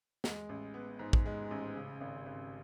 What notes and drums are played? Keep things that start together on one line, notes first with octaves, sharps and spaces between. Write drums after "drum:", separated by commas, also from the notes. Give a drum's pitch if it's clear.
G#3, drum: snare
A1
B3
G#2
drum: kick A1
G#3
A1
C#3
G#1
G#1